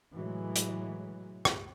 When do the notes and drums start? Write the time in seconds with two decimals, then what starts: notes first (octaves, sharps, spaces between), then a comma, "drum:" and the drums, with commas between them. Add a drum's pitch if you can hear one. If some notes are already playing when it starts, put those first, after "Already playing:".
0.12 A2 C3 E3 F#3 G#3
0.56 drum: hi-hat
1.45 drum: rim click